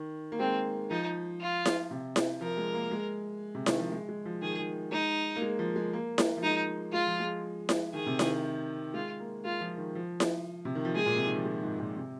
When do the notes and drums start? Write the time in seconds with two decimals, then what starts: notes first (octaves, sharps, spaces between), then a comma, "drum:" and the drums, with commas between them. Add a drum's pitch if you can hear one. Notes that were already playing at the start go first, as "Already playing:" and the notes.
Already playing: D#3
0.32 A#3
0.39 G#3 C4
0.90 F3 D#4
1.40 F4
1.65 drum: snare E4
1.91 C3
2.16 drum: snare E4
2.41 F3 A#4
2.57 G#3
2.74 A#3
2.91 G#3
3.55 C3
3.66 D#3, drum: snare E4
3.79 F3
3.92 G#3
4.09 G#3
4.25 F3
4.42 D#3 G#4
4.59 D#3
4.92 G#3 D#4
5.36 A#3
5.42 G#3
5.59 F3
5.76 G#3
5.93 A#3
6.18 drum: snare E4
6.37 F3
6.43 G#3 D#4
6.93 G#3 F4
7.07 F3
7.20 G#3
7.69 drum: snare E4
7.93 D#3 G#4
8.06 C3
8.19 D#3, drum: snare E4
8.94 G#3 F4
9.20 A#3
9.45 G#3 F4
9.61 F3
9.78 D#3
9.95 F3
10.20 drum: snare E4
10.65 C3
10.75 D#3
10.85 F3
10.95 G#3 G#4
11.06 A#2
11.16 C3
11.26 D#3
11.35 F3
11.46 G#3
11.63 G#2
11.79 A#2
11.96 C3